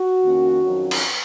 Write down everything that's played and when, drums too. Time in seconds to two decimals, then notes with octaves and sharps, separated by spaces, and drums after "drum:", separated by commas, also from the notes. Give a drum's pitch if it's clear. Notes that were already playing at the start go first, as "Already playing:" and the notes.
Already playing: F#4
0.22 F2 D#3 A#3 C#4
0.63 F2 D#3 F#3 C#4
0.91 drum: cymbal